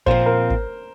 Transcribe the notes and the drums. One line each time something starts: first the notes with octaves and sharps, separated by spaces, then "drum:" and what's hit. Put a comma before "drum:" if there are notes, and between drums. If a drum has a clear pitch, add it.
A#2 F3 C4 C5, drum: kick
A#4
drum: kick